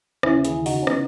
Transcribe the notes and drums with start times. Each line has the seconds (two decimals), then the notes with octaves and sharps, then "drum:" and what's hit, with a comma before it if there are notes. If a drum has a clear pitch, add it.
0.23 D#2 C#3 E3 C#4 E4, drum: rim click
0.45 E4 G#4, drum: hi-hat
0.66 D#4 F#4, drum: open hi-hat
0.82 C#4
0.87 C#3 E3 B3 D#4, drum: rim click